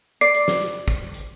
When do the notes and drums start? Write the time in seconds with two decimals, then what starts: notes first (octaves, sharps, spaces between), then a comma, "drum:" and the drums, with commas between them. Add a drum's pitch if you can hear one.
0.21 D5 C7
0.35 drum: hi-hat
0.48 drum: snare
0.61 drum: hi-hat
0.88 drum: kick, hi-hat
1.14 drum: hi-hat